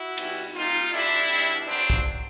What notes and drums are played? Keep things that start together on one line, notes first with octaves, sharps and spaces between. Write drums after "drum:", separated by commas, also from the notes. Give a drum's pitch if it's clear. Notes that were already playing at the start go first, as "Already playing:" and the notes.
Already playing: E4 F#4
B2 G3, drum: cymbal
A#2 G3 D#4 F4
G2 D3 G3 D4 E4
B2 G3
E2 C#3 F#3 C4 D4
drum: kick